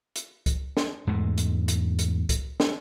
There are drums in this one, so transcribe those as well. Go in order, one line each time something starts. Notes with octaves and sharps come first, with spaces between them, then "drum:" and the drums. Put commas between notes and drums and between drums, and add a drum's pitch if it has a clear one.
drum: hi-hat
drum: kick C#2, hi-hat
drum: snare
E2 G#2 G#3 A3
drum: hi-hat
drum: hi-hat
drum: hi-hat
drum: kick C#2, hi-hat
drum: snare